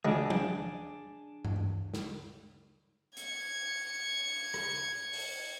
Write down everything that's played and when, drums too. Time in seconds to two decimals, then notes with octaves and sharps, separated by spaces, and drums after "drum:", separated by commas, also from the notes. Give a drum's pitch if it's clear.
0.05 C#2 G#3 D4 G#4
0.30 drum: tom F3
1.45 drum: tom G2
1.94 drum: snare
3.17 G#6 C#7, drum: hi-hat
4.54 drum: rim click
5.13 drum: open hi-hat